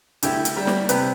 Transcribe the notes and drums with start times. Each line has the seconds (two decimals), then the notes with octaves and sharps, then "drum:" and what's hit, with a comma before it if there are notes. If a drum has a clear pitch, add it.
0.23 D2 E4 G4, drum: hi-hat
0.45 drum: hi-hat
0.56 G3
0.67 drum: snare
0.89 C3 G4 B4, drum: hi-hat